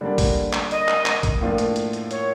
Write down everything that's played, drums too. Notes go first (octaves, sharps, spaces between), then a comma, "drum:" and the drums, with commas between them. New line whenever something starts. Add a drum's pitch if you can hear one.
D3 G3 A#3 D4
drum: kick, open hi-hat
drum: clap
D#5, drum: hi-hat
drum: clap
drum: clap
drum: kick, hi-hat
A2 F3 A#3 D4 F4
drum: hi-hat
drum: hi-hat
drum: hi-hat
C#5, drum: hi-hat